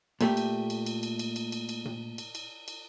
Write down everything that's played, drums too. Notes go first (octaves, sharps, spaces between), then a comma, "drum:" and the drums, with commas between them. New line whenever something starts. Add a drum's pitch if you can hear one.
A#2 A3 G4, drum: cymbal
drum: cymbal
drum: cymbal
drum: cymbal
drum: cymbal
drum: cymbal
drum: cymbal
drum: cymbal
drum: cymbal
drum: tom A#2
drum: cymbal
drum: cymbal
drum: cymbal